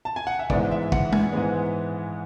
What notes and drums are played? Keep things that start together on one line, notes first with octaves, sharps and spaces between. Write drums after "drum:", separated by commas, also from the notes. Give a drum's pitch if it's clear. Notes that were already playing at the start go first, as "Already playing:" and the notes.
A5
G#5
F#5
E5
G#2 E3 G#3 B3 D5, drum: kick
E5
F#5, drum: kick
G#5, drum: tom
G#2 E3 G#3 B3